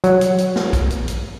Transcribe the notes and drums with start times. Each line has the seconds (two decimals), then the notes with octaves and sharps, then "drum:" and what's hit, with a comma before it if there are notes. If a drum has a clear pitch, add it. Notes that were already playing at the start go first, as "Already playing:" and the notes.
0.04 F#3, drum: hi-hat
0.21 drum: hi-hat
0.38 drum: hi-hat
0.56 drum: snare
0.73 drum: kick A#1, hi-hat
0.90 drum: hi-hat
1.08 drum: hi-hat